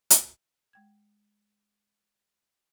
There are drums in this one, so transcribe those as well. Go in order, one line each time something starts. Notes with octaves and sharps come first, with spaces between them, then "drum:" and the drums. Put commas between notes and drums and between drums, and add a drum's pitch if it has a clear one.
drum: hi-hat
G#3 G5 G#6